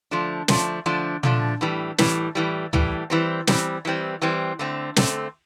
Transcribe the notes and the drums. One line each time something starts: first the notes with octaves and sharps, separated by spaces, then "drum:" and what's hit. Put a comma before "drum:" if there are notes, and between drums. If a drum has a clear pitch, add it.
D3 F3 A3 D4
D3 F3 A3 D4, drum: snare
D3 F3 A3 D4
D3 F3 A3 D4, drum: tom
A2 E3 G3
A2 E3 G3, drum: snare
A2 E3 G3
A2 E3 G3, drum: tom
E3 G3 C4
E3 G3 C4, drum: snare
E3 G3 C4
E3 G3 C4
D3 A3 C4
D3 A3 C4, drum: snare